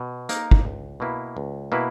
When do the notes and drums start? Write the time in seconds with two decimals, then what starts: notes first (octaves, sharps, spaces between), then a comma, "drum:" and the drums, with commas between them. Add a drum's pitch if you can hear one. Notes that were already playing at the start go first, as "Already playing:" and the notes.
Already playing: B2
0.29 A#3 D#4 A#4, drum: hi-hat
0.51 drum: kick
0.65 C#2
1.00 B2 A#3 E4 B4
1.37 C#2
1.72 B2 A#3 E4 B4